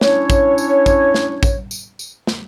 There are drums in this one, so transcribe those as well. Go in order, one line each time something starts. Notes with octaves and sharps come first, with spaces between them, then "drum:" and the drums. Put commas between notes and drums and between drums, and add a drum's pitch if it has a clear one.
C#4 D4 E4 C#5, drum: snare
drum: kick, tambourine
drum: tambourine
drum: kick, tambourine
drum: snare
drum: kick, tambourine
drum: tambourine
drum: tambourine
drum: snare